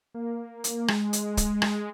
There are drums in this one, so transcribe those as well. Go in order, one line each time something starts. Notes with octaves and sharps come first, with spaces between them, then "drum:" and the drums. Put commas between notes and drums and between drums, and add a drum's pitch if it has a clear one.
A#3
drum: hi-hat
G#3, drum: rim click
drum: hi-hat
drum: kick, hi-hat
drum: rim click